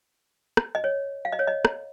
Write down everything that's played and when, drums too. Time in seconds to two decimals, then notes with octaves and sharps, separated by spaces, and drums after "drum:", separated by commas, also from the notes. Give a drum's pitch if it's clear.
0.57 drum: rim click
0.75 D#5
0.84 C#5
1.25 F5
1.32 D#5
1.39 C#5
1.47 D#5
1.65 drum: rim click